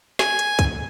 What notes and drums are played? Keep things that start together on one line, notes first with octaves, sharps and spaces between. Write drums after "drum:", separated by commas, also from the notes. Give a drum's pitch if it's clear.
G#5, drum: snare
drum: hi-hat
drum: kick, hi-hat